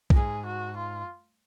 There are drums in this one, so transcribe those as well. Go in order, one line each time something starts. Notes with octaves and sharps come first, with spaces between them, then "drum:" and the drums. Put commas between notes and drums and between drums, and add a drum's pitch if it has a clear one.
A#2, drum: kick B1
G#2 G#4
F#4
F4